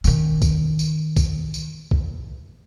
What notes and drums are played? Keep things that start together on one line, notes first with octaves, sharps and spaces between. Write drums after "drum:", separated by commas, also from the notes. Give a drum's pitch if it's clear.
D#3 C#4, drum: tambourine
drum: kick, tambourine
drum: tambourine
drum: kick, tambourine
drum: tambourine
drum: kick